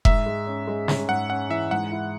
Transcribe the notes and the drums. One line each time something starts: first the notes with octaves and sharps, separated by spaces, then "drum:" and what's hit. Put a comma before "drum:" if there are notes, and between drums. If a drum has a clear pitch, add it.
G#2 E5, drum: kick F1
G#3
C#4
G#3
C#4, drum: snare
G#2 F#5
C#4 F#5
E3 E5
G#2 F#5
E4